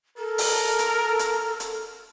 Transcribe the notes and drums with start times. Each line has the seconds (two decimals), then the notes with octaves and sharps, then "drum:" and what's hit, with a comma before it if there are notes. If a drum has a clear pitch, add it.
0.18 A4 A#4
0.38 drum: open hi-hat
0.79 drum: hi-hat
1.19 drum: hi-hat
1.60 drum: hi-hat